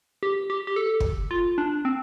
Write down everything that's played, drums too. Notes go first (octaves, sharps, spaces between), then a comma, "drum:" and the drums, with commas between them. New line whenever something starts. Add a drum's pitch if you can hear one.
G4
G4
G4
A4
drum: kick
F4
D4
C4